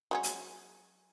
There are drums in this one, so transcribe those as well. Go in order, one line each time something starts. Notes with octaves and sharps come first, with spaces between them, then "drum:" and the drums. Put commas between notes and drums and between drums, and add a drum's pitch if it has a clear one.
F#3 G#3 C#4
drum: hi-hat